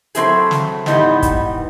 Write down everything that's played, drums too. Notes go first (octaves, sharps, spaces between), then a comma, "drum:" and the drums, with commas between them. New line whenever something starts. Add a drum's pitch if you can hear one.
F#3 A3 C4 E4 G#4, drum: hi-hat
drum: snare
G#2 E3 G3 B3 D#4, drum: snare
drum: kick, hi-hat